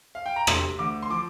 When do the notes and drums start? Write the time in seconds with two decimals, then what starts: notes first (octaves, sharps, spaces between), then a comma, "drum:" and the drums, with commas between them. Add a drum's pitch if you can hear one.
0.15 F5
0.26 G5
0.36 A#5
0.47 C3 C6, drum: rim click
0.79 D2 D6
1.03 C6
1.10 F3 D6